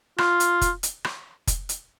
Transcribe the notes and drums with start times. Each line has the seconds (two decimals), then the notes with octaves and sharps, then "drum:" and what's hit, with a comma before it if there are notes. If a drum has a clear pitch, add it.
0.18 F4, drum: rim click
0.40 drum: hi-hat
0.61 drum: kick F1, hi-hat
0.83 drum: hi-hat
1.04 drum: rim click
1.47 drum: kick F1, hi-hat
1.69 drum: hi-hat